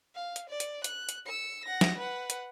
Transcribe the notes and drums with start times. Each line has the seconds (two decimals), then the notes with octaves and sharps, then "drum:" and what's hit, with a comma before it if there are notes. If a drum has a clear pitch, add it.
0.15 F5
0.36 drum: hi-hat
0.50 D5
0.60 drum: hi-hat
0.84 F#6, drum: hi-hat
1.09 drum: hi-hat
1.26 E6 C#7
1.65 F#5 A#6
1.81 drum: snare
1.98 B4 F#5
2.30 drum: hi-hat